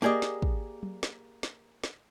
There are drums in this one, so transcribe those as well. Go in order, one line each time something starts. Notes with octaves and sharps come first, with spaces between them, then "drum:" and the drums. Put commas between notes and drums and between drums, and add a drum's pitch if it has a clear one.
A#3 G4 G#4 D5 D#5
drum: snare
drum: kick
drum: tom F#3
drum: snare
drum: snare
drum: snare